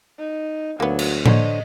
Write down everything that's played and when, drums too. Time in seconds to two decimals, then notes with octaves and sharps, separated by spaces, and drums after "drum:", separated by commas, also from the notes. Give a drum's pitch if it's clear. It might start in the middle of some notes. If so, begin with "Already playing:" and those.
0.19 D#4
0.80 D2 F#3 A#3 B3
0.99 drum: cymbal
1.26 D3 C5 C#5 D#5, drum: tom A2